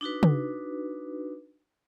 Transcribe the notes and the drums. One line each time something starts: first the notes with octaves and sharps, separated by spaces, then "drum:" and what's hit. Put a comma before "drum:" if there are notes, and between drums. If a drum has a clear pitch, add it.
D4 D#4 F#4 B4
drum: tom